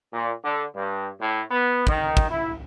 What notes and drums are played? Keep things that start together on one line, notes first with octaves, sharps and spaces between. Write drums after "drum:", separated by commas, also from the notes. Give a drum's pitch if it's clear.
A#2
D3
G2
A2
B3
D#3, drum: kick
drum: kick
E4